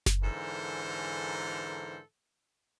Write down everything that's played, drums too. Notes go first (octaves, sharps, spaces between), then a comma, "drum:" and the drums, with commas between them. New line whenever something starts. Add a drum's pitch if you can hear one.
drum: snare F#1
G#2 D3 E3 A4 A#4 C5